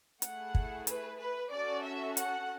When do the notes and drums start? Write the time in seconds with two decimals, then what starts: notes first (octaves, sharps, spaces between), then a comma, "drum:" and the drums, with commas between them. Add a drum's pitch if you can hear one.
0.22 A3 E4 G#4 F#5, drum: hi-hat
0.55 drum: kick
0.87 B4, drum: hi-hat
1.19 B4
1.52 C#4 F#4 A4 D5
1.85 E5
2.17 F#5, drum: hi-hat